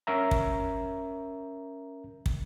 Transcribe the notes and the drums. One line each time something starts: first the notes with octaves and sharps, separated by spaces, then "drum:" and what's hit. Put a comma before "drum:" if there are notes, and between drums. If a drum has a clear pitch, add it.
C#4 A#4 E5 A#5
drum: kick
drum: kick